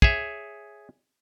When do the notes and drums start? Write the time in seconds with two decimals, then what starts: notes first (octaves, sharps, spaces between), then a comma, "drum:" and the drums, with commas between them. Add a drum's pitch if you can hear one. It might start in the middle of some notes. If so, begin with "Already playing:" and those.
0.02 G#4 C#5 E5, drum: kick